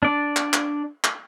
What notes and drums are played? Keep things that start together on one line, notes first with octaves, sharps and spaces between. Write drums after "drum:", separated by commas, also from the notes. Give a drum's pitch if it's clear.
D4 D5
drum: clap
drum: clap
drum: clap